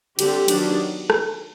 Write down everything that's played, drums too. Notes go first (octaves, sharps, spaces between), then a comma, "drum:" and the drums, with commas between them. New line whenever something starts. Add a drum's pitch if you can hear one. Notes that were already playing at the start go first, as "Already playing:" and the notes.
D3 G3 C4 G4, drum: cymbal
D#3 F#3 B3 D4, drum: cymbal
drum: rim click